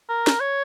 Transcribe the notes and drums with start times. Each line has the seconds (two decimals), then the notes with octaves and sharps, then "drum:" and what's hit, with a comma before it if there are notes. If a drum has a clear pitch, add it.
0.09 A#4
0.27 drum: snare
0.40 C#5